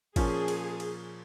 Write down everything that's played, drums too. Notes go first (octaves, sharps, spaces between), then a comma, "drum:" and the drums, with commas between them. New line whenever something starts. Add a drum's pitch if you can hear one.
A#2 F3 A#3 C#4 G#4, drum: kick, cymbal
drum: cymbal
drum: cymbal